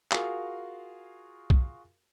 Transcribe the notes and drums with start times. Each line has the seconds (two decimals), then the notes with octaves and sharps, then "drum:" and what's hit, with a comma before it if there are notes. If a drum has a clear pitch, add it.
0.11 F4 F#4 G#4 A#4 F5, drum: clap
1.50 drum: kick B1